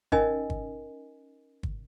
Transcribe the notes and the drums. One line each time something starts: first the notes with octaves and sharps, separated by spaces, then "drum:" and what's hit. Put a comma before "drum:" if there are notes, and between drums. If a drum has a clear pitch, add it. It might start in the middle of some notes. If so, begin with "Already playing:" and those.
C#4 D#4 A#4 D#5 G#5, drum: kick
drum: kick
drum: kick